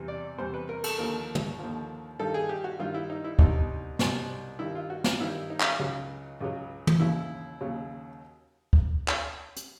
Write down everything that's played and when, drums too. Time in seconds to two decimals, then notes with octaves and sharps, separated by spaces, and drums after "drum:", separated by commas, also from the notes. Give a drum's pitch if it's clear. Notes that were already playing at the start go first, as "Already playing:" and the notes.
Already playing: E2 C3 E3 G3
0.08 D5
0.38 E2 C3 E3 G3 C5
0.54 B4
0.69 A#4
0.84 A4, drum: cymbal
0.98 D#2 D3 F3 A#4
1.35 drum: tom
1.59 D#2 D3 F3
2.19 G2 D#3 G3 A4
2.34 G#4
2.49 G4
2.64 F#4
2.79 G2 D#3 G3 F4
2.94 E4
3.10 D#4
3.24 E4
3.39 C2 B2 G3 D#4, drum: kick D2
3.99 C2 B2 G3, drum: snare
4.59 G2 D#3 G3 E4
4.75 F4
4.90 F#4
5.04 F4, drum: snare
5.19 G2 D#3 G3 E4
5.50 D#4
5.60 drum: clap
5.79 C#2 C#3 F#3
6.41 C#2 C#3 F#3
6.87 drum: tom
7.00 D#2 C#3 F#3 E4
7.61 D#2 C#3 F#3
8.73 drum: kick D2
9.08 drum: clap
9.56 drum: hi-hat